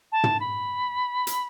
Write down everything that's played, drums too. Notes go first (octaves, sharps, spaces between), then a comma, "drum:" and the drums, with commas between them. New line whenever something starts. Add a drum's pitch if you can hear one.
A5
drum: tom
B5
drum: hi-hat